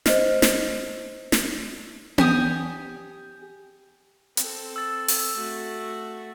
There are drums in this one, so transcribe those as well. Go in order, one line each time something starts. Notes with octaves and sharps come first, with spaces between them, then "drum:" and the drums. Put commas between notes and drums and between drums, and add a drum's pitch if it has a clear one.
C5 D#5 F6, drum: snare
drum: snare
drum: snare
G4 G#5 D#6, drum: tom B3
C4 A4, drum: hi-hat
E6 A6
drum: open hi-hat
A3 F#4